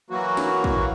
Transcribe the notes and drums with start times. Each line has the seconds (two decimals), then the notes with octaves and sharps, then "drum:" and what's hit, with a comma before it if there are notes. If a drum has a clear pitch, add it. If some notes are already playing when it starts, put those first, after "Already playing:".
0.10 E3 F#3 A#3 F#4
0.37 drum: snare
0.64 drum: kick